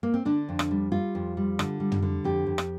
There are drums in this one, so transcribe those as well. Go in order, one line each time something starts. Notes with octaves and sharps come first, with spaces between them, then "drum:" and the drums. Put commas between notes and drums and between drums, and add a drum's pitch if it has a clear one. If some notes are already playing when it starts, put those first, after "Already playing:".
A#3
C4
D3 D4
F2
drum: rim click
G3
G3 F4
F2
G3
D3, drum: rim click
G3
drum: tom
D3
F2 G4
F2
drum: rim click